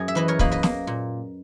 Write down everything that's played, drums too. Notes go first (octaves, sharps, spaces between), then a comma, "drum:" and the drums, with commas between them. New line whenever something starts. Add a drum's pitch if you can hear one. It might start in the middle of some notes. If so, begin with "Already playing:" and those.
Already playing: F#2 G#4
E5
E3 B4 D#5
A#4 C#5
A#3 B4 D#5, drum: kick
B4 D#5
A#3, drum: snare
A#2